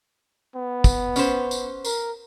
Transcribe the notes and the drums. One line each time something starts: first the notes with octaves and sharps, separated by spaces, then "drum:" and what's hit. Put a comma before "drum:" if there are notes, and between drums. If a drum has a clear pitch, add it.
B3
drum: kick, tambourine
C#4 B4 C5, drum: tambourine
drum: tambourine
A#4, drum: tambourine